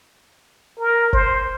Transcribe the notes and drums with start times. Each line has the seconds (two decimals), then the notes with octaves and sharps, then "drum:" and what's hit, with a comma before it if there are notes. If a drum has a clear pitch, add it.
0.80 A#4
1.13 C5, drum: kick F#1